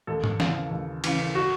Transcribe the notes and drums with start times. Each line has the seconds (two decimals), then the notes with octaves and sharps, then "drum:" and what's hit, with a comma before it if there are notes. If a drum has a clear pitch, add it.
0.07 D#2 A4
0.24 drum: tom
0.40 C#3 E3, drum: snare
0.71 D#2
1.04 C#3 E3, drum: cymbal
1.35 F#4